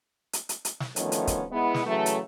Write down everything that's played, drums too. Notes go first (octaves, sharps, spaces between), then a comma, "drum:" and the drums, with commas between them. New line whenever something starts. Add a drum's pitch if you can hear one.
drum: hi-hat
drum: hi-hat
drum: hi-hat
drum: snare
D2 D#3 F3 A3 B3 C#4, drum: hi-hat
drum: hi-hat
drum: kick, hi-hat
G#3 B3 E4
drum: snare
C#3 E3 F#3 A3
drum: hi-hat